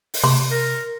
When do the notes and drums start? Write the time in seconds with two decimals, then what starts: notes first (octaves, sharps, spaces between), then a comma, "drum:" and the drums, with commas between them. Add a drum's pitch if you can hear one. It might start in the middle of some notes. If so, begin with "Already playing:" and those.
0.14 drum: open hi-hat
0.24 C3 C6
0.51 A#4